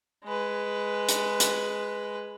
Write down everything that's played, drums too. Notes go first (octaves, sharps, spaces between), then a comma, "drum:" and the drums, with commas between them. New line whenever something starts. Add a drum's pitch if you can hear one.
G#3 B4
drum: hi-hat
drum: hi-hat